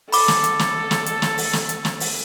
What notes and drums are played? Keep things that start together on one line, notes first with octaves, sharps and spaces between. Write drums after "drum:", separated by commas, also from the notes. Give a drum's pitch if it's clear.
A4 B5 D6, drum: open hi-hat
drum: snare
drum: hi-hat
drum: snare
drum: snare
drum: hi-hat
drum: snare
drum: open hi-hat
drum: snare
drum: hi-hat
drum: snare
drum: open hi-hat